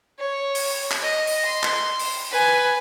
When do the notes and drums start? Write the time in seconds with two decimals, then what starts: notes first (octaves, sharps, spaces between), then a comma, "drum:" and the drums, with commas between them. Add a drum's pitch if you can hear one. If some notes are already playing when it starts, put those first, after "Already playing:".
0.19 C#5
0.55 drum: open hi-hat
0.91 drum: clap
1.02 D#5
1.27 drum: open hi-hat
1.45 C6
1.63 drum: clap
1.99 drum: open hi-hat
2.31 B4 G#5